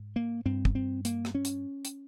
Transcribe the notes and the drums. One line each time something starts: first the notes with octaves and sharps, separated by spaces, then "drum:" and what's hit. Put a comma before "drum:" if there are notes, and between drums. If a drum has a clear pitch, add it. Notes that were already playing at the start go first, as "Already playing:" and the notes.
Already playing: G#2
A#3
G2 C4
drum: kick
C4
A#3, drum: hi-hat
drum: rim click
C#4
drum: hi-hat
drum: hi-hat